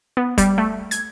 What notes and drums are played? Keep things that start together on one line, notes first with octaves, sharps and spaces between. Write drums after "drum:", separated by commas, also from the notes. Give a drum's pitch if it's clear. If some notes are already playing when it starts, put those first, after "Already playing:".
B3
G3, drum: kick, hi-hat
A3
G#6, drum: hi-hat